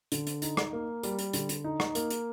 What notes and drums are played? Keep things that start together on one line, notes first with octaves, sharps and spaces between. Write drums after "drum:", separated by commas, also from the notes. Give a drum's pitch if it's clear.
D3, drum: hi-hat
drum: hi-hat
D#4, drum: hi-hat
drum: rim click
A#3
G3, drum: hi-hat
drum: hi-hat
D3, drum: hi-hat
drum: hi-hat
D#4
drum: rim click
A#3, drum: hi-hat
drum: hi-hat